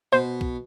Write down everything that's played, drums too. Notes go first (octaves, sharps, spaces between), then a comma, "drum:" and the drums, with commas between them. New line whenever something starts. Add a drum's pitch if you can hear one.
B2 C5
drum: kick